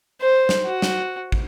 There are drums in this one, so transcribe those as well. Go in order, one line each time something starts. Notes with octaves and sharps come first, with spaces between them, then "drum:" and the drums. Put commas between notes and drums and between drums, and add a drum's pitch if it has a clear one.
C5
drum: snare
F#4
drum: snare
drum: kick